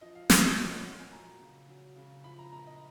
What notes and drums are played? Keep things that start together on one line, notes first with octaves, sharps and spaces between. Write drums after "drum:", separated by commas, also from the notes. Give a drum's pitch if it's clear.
F3 D#5
F5
A#2 D#5, drum: snare
D#5
F3 C#5
D#5
A#2 F#5
G#5
F#3 A#5
C#3
F#3
C#3
F3 B5
A#5
A#2 A#5
D#5